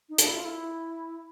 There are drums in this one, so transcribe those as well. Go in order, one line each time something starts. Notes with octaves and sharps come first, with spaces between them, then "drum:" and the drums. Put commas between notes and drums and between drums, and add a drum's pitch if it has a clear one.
D#4
D4, drum: hi-hat
E4
F4
E4